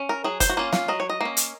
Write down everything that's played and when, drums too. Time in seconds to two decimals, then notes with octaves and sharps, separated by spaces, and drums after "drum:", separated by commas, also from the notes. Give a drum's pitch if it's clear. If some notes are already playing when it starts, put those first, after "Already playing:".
Already playing: C#4
0.09 A#4
0.24 F#3 G#4
0.40 C5, drum: kick F#1, hi-hat
0.49 F#4
0.57 A#3 C#4 F4
0.73 F4, drum: snare
0.88 F#3 D#5
1.00 C#5
1.09 D#5
1.21 A#3 C#4
1.37 drum: hi-hat